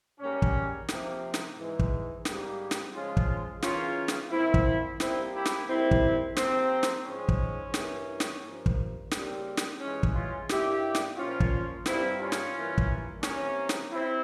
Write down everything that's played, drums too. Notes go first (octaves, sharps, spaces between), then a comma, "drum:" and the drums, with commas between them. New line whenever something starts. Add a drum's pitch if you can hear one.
G#2 G3 A#3 C#4
drum: kick
C3 F3 A#3, drum: snare
drum: snare
G#2 E3 G#3
drum: kick
G#2 G3 A#3, drum: snare
drum: snare
C#3 F3 G#3 C#4 F4
drum: kick
C#3 E3 A#3 C#4 F4, drum: snare
drum: snare
A#2 F3 A#3 C4 E4
drum: kick
C3 G3 A#3 C4 E4, drum: snare
E4 G4
drum: snare
G#2 G3 A#3 C4 E4
drum: kick
C3 F3 A#3 C4, drum: snare
drum: snare
G#2 F3 G#3 C#4
drum: kick
G2 E3 A#3, drum: snare
drum: snare
G2 F3 A#3
drum: kick
C#3 G3 A#3 C4, drum: snare
drum: snare
G2 E3 G#3 C#4
drum: kick
C#4 F4
G2 G3 A#3 E4 G4, drum: snare
drum: snare
A#2 F3 A#3 C#4 F4
drum: kick
G2 G3 A#3 C4 E4, drum: snare
C#4 F4
drum: snare
G2 E3 G3 A#3
drum: kick
C3 E3 A#3 C#4, drum: snare
drum: snare
C3 C4 E4